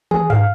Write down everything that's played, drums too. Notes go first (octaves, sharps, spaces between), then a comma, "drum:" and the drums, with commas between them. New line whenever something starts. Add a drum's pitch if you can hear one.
G#4, drum: tom
F5, drum: tom G2